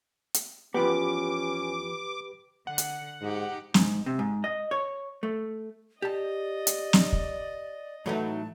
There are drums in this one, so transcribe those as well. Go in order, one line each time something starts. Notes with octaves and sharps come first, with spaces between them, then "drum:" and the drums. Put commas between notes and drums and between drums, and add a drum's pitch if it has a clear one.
drum: hi-hat
E2 F3 B3 C#4 G4 B4 D6
D3 F#5
drum: hi-hat
G#2 D#4 G4
G#2, drum: snare
C3
G#2
D#5
C#5
A3
G4 D5 D#5 A5
drum: hi-hat
drum: snare
drum: kick
A2 E3 F#3 A3 D#4 B4 A5